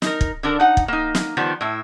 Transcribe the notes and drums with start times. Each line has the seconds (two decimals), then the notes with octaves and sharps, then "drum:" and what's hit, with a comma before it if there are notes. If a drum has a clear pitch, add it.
0.02 D#4 A#4, drum: snare
0.21 drum: kick
0.43 D3 D4 A#4
0.60 D#4 F#5
0.77 drum: kick
0.88 A#3 D#4
1.15 drum: snare
1.37 D#3 F3 G3 B3
1.61 A2 E4